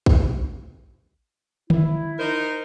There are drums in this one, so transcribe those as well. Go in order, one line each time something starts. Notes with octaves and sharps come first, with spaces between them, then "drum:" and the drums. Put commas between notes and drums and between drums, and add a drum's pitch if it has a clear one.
drum: kick
E4, drum: tom D3
D#4 A#4 C5